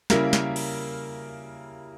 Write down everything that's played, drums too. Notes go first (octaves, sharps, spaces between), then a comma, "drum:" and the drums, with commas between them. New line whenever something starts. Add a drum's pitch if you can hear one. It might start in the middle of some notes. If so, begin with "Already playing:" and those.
C#3 G3 A#3 E4 A#4, drum: snare
drum: snare
drum: cymbal